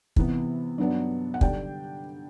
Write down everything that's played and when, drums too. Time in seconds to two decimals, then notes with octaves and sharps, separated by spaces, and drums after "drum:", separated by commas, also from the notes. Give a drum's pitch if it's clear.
0.16 C3 E3 B3, drum: kick
0.78 G2 F#3 B3 D4
1.34 F#5
1.41 D3 G3 D4 G5, drum: kick